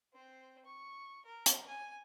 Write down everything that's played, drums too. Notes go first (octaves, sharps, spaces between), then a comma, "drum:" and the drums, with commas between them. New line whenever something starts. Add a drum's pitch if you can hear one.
C4 C5
C#6
A#4
drum: hi-hat
G#5